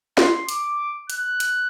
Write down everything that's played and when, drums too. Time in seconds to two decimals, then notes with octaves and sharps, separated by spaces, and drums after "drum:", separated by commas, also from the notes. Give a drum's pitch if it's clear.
0.18 C6, drum: snare
0.49 D6, drum: hi-hat
1.10 F#6, drum: hi-hat
1.40 drum: hi-hat